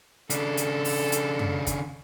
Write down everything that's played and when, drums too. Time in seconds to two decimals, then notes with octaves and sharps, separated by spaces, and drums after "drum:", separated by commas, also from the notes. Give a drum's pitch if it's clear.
0.30 C#3 D4 A4, drum: hi-hat
0.57 drum: hi-hat
0.85 drum: open hi-hat
1.12 drum: hi-hat
1.39 drum: tom F#2
1.67 drum: kick, hi-hat